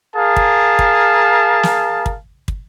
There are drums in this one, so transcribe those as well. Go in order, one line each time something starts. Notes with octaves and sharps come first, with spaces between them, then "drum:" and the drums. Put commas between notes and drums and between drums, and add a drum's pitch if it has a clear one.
G#4 A#4 F5 A5
drum: kick
drum: kick
drum: snare
drum: kick
drum: kick